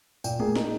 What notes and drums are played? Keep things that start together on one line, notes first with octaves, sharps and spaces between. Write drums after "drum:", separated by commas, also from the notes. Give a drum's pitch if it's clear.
A#2 G5, drum: tambourine
A#3 G#4, drum: tom G#3
A#3 D#4, drum: snare